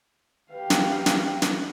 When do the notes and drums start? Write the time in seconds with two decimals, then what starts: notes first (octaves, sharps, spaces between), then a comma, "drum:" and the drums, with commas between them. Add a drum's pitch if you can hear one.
0.52 G4 B4 F5
0.70 drum: snare
1.06 drum: snare
1.42 drum: snare